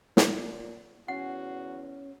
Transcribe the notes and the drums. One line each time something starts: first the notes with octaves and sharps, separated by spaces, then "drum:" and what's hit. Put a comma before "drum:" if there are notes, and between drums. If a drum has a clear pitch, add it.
A#2, drum: snare
E2 C#4 F#4 F#5